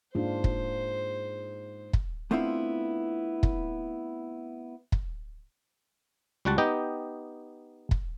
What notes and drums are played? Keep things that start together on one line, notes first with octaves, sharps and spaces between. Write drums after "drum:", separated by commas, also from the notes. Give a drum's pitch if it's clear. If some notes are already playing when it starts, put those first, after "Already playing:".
G#2 A#3 D4 F4 C5
drum: kick
drum: kick
A3 B3 C4 D4 E4 F4
drum: kick
drum: kick
C#2 G3 F#4 F#5 A5
B3 D#4 G4 D#5 G5
drum: kick